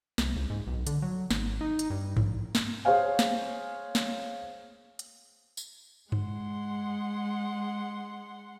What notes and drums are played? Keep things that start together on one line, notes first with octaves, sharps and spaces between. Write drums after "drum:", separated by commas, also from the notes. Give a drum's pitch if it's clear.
C2, drum: snare
C#2
G#2
B1
D3, drum: hi-hat
F#3
G#1, drum: snare
D#4
drum: hi-hat
G2
A#1, drum: tom G2
drum: snare
G#4 C5 C#5 F5 G#5
drum: snare
drum: snare
drum: hi-hat
drum: tambourine
G#3 F#5 C6, drum: tom G2